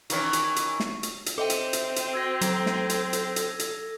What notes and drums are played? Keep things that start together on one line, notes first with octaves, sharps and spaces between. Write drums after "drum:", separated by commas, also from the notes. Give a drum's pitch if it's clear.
D#3 E3 C#4, drum: hi-hat
drum: hi-hat
drum: hi-hat
drum: snare
drum: hi-hat
drum: hi-hat
C4 A4 D#5 E5 G5 D6 D#7
drum: hi-hat
drum: hi-hat
drum: hi-hat
F#4 E6 G#6 A#6
F#3 A4, drum: hi-hat
drum: snare
drum: hi-hat
drum: hi-hat
drum: hi-hat
drum: hi-hat